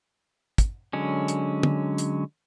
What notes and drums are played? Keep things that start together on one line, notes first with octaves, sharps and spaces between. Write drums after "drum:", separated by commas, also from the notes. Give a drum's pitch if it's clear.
drum: kick, hi-hat
D3 F#3 G#3 C#4
drum: hi-hat
drum: tom
drum: hi-hat